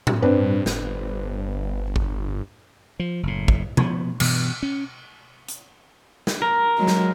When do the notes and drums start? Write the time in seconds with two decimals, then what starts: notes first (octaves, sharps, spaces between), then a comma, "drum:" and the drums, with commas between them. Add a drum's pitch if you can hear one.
0.07 drum: tom A2
0.22 G2 C4 D4 B4
0.66 G1, drum: snare
0.82 G1
1.96 drum: kick
2.99 F3
3.23 F#1 A2
3.48 drum: kick
3.77 B2 F3 B3, drum: tom B2
4.20 G2 B2 E3, drum: cymbal
4.63 C#4
5.48 drum: hi-hat
6.27 drum: snare
6.42 A#4
6.78 F#3 G#3
6.87 drum: snare